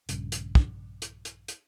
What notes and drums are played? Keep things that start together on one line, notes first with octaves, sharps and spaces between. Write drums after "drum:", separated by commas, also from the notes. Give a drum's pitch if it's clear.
A#1 G2 C#3, drum: hi-hat
drum: hi-hat
drum: kick
drum: hi-hat
drum: hi-hat
drum: hi-hat